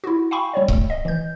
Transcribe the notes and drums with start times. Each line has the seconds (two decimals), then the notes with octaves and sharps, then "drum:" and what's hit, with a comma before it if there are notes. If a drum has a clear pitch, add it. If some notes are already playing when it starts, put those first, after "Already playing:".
0.04 E4 F#4
0.31 F5 G5 G#5 B5 C#6
0.54 G3 C#5 D5
0.68 A3, drum: kick C#1
0.90 D#5
1.05 E3 G6